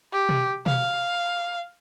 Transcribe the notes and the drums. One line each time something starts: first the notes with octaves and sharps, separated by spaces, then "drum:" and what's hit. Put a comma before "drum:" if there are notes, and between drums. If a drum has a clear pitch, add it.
G4
drum: tom B2
F5, drum: tom B2